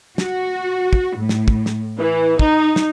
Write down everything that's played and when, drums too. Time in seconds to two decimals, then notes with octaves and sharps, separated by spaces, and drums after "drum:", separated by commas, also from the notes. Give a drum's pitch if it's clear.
0.18 F#4, drum: snare
0.93 drum: kick
1.17 A2
1.29 drum: snare
1.48 drum: kick
1.66 drum: snare
1.98 E3
2.39 D#4, drum: kick
2.76 drum: snare